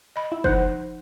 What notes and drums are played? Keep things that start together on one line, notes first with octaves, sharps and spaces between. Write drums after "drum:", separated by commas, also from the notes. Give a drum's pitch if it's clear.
D#5 B5
E4
F3 D#4 C5 F#5, drum: kick